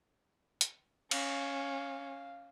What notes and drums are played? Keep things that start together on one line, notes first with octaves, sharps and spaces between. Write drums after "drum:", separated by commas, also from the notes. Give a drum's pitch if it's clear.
drum: hi-hat
C#4 F5, drum: cymbal